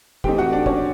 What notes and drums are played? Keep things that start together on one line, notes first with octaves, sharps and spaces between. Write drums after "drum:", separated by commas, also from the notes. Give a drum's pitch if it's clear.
E3 A3 C4 D#4 G4 G5, drum: kick
F#4 F#5
D4 D5
C#4 C#5, drum: kick